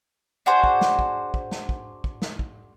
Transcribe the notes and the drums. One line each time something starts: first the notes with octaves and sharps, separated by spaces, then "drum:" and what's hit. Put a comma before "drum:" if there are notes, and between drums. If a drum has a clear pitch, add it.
D4 F#4 G#4 C5
drum: kick
drum: snare
drum: kick
drum: kick
drum: snare
drum: kick
drum: kick
drum: snare
drum: kick